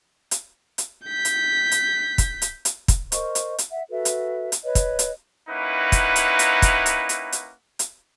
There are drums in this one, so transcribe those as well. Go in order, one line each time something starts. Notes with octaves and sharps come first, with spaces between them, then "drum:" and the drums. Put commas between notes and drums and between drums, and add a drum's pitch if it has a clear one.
drum: hi-hat
drum: hi-hat
G6 B6
drum: hi-hat
drum: hi-hat
drum: kick, hi-hat
drum: hi-hat
drum: hi-hat
drum: kick, hi-hat
A#4 C5 D#5 C#6, drum: hi-hat
drum: hi-hat
drum: hi-hat
E5 F#5
F#4 A4 B4 E5
drum: hi-hat
drum: hi-hat
B4 C#5 D#5
drum: kick, hi-hat
drum: hi-hat
A#3 C#4 D#4 E4 B4 F#5
drum: kick, hi-hat
drum: hi-hat
drum: hi-hat
drum: kick, hi-hat
drum: hi-hat
drum: hi-hat
drum: hi-hat
drum: hi-hat